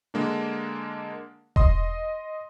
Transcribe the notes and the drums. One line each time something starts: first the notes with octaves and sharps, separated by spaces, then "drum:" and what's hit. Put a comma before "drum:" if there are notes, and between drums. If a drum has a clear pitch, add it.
D3 G#3 A#3 D4
D#5 C6 D#6, drum: kick E1